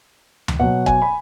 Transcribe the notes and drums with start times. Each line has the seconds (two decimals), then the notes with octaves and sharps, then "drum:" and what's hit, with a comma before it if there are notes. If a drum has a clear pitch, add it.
0.48 drum: tom D2
0.60 B2 F#3 F#5
0.86 G#5, drum: kick
1.02 B5